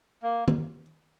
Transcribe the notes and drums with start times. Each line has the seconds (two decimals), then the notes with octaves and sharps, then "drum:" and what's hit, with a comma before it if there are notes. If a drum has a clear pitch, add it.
0.23 A#3
0.48 drum: tom